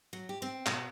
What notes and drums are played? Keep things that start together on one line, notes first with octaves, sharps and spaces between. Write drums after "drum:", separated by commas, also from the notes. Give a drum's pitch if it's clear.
F#3
G4
C4
B2, drum: clap